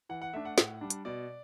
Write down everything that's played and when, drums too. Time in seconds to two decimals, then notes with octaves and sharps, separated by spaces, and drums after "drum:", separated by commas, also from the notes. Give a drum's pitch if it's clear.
0.09 E3 F#5
0.22 F#5
0.33 A3 D4 E5
0.45 F#5
0.58 A2, drum: snare
0.81 G3 D4
0.90 drum: hi-hat
1.05 B2 D5